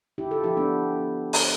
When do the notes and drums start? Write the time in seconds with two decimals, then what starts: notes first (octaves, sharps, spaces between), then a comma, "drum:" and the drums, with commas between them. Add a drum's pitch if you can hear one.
0.18 D3 E4 G4
0.31 F4 A4
0.43 F3 E4 G4
0.57 B3 D4
1.33 drum: open hi-hat